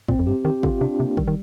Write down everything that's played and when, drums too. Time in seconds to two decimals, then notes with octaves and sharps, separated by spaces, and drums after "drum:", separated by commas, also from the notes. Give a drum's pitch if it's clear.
0.08 A#2 C4, drum: kick
0.19 F2
0.27 G2 G4
0.45 D#3 G4
0.63 D3 F4, drum: kick
0.81 C3 D4
0.99 C3 A#3
1.17 D#3 G3, drum: kick
1.28 D#3